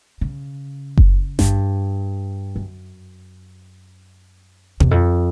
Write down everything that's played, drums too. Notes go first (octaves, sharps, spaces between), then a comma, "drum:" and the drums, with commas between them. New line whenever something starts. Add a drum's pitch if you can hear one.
C#3
drum: kick F#1
G2, drum: snare G#1
F#2
E2, drum: tom B2
F2